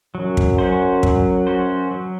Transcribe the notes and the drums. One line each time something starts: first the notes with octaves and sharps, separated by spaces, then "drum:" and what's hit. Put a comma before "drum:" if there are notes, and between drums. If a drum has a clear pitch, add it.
F#2 F#3
drum: kick
C#4 F#4 C5
F#3, drum: kick
C#4 F#4 C5
F#3